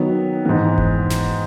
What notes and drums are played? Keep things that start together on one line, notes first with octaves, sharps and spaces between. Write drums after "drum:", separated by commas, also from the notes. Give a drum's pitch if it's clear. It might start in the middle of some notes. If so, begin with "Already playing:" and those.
Already playing: D#3 F#3 B3
G#2 E3 B3
drum: kick F1
drum: snare